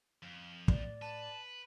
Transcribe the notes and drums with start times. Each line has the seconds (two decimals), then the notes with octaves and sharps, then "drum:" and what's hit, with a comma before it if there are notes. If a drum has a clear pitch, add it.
0.23 F2
0.68 A2 D5, drum: kick
1.02 B4 A5